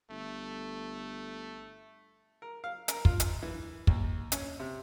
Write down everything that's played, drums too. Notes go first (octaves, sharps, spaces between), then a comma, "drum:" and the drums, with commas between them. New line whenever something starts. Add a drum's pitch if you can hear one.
G1 A3
A#4
F5
A#4, drum: hi-hat
F4, drum: kick
drum: hi-hat
E3
D#2, drum: kick
C#4, drum: hi-hat
C3